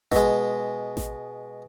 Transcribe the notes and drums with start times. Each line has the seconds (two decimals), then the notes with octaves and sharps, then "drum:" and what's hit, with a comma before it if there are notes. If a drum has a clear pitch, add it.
0.12 B2 G#3, drum: snare A1
0.97 drum: snare A1